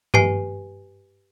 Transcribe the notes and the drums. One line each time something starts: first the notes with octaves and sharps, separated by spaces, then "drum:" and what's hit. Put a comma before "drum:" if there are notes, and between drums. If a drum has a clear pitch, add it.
G4 B4 G#5 C7, drum: tom G2